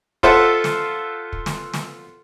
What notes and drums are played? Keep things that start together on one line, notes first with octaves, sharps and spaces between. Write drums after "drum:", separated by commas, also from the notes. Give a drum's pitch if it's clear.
F4 A4 C5 E5 F#5, drum: kick
drum: snare
drum: kick
drum: snare
drum: snare